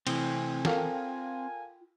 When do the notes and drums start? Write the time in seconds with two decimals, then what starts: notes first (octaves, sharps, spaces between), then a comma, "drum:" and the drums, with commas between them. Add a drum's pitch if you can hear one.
0.07 C3 E3 A3 C4 G#5, drum: cymbal
0.65 F4 A4 A#4 F5 G5, drum: snare